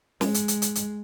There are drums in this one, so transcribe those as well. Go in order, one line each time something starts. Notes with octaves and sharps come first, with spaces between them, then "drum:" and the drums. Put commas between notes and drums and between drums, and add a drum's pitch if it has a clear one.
G#3, drum: snare
drum: hi-hat
drum: hi-hat
drum: hi-hat
drum: hi-hat